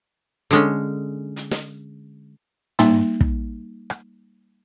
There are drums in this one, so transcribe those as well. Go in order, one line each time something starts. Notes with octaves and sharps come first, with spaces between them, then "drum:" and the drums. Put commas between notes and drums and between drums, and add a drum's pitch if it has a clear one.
D3 G#3 C#4
drum: hi-hat
drum: snare
G3 A#3 D#4, drum: tom
drum: kick
drum: rim click